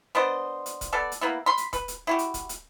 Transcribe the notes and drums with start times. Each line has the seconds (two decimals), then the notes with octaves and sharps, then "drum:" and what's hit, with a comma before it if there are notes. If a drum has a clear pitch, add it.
0.15 B3 D4 C5 D#5
0.66 drum: hi-hat
0.81 drum: kick, hi-hat
0.93 B3 A4 D5
1.12 drum: hi-hat
1.21 A#3 B3 E4
1.46 B5 C6
1.57 drum: hi-hat
1.73 B4, drum: kick, hi-hat
1.88 drum: hi-hat
2.07 E4 F#4 G4
2.19 drum: hi-hat
2.34 drum: kick, hi-hat
2.49 drum: hi-hat